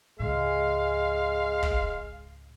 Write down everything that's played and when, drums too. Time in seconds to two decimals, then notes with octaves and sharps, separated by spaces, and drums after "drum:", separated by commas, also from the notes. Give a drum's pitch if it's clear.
0.19 C#2 G#2 G#3 F5
1.63 drum: kick